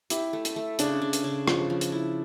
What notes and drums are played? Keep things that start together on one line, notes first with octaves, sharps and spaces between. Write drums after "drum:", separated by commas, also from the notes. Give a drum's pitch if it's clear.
E4 G4, drum: hi-hat
A3
drum: hi-hat
A3
C#3 D4, drum: hi-hat
C#3
drum: hi-hat
C#3
F3, drum: rim click
F3
drum: hi-hat
E4